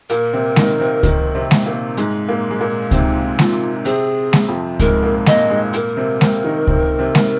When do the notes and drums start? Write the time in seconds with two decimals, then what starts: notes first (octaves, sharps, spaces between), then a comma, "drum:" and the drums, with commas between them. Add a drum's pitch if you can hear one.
0.10 A#2 A#3 A#4, drum: hi-hat
0.33 C3 C4
0.56 D#3 D#4, drum: snare G#3
0.80 C3 C4
1.03 D#3 D#4, drum: kick C#2, hi-hat
1.35 C3 C4
1.51 drum: snare G#3
1.66 A#2 A#3
1.97 G#2 G#3, drum: hi-hat
2.29 A#2 A#3
2.51 G#3
2.61 A#2 A#3
2.91 C3 C4 D#4, drum: kick C#2, hi-hat
3.39 F4, drum: snare G#3
3.85 C3 C4 G#4, drum: hi-hat
4.33 drum: snare G#3
4.48 F2 F3
4.79 G#2 G#3 A#4, drum: kick C#2, hi-hat
5.03 A#2 A#3
5.26 A#2 A#3 D#5, drum: snare G#3
5.50 G#2 G#3
5.74 A#2 A#3 A#4, drum: hi-hat
5.97 C3 C4
6.21 C3 C4, drum: snare G#3
6.44 D#3 D#4
6.67 C3 C4, drum: kick C#2
6.99 C3 C4
7.15 drum: snare G#3